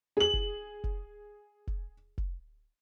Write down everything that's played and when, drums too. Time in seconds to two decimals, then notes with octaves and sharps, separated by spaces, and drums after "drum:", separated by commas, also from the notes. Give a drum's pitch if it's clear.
0.17 G#4 F#7
0.33 drum: kick F1
0.84 drum: kick F1
1.67 drum: kick F1
2.18 drum: kick F1